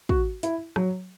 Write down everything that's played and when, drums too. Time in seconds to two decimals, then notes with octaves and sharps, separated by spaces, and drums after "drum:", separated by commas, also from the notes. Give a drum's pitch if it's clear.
0.09 F#4, drum: kick
0.43 E4, drum: hi-hat
0.76 F#3, drum: rim click